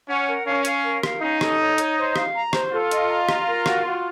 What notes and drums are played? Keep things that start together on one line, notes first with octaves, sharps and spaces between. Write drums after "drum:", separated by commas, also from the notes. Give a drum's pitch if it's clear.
C#4 F#5
A#4
C#4 F5
F5, drum: hi-hat
A#4
F5, drum: rim click
C#4 D#4
A4, drum: rim click
C#5
C#5, drum: hi-hat
C5
F5, drum: rim click
A#5
C5, drum: rim click
F4 A4
D#5, drum: hi-hat
A#5
A#5, drum: rim click
A#4
F#4, drum: rim click
F#4